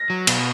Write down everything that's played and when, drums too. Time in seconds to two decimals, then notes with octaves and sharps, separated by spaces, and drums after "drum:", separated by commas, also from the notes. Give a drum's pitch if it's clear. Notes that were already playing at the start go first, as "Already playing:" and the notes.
Already playing: A#6
0.10 F#3
0.27 B2, drum: cymbal